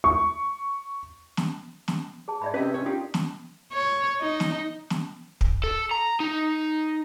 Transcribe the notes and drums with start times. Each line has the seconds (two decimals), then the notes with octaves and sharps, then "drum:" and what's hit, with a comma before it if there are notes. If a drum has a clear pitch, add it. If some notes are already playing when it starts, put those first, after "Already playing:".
0.04 C#6
1.37 drum: snare
1.88 drum: snare
2.28 G#4 A5
2.42 G#2 D5 E5 B5
2.54 C3 C#4 B4 D#5 E5
2.74 C#4 A#4 C#5
2.86 D#4 F4 G4 D5 D#6
3.14 drum: snare
3.73 C#5
4.21 D#4
4.40 drum: snare
4.90 drum: snare
5.41 drum: kick
5.64 A4
5.91 A#5
6.20 D#4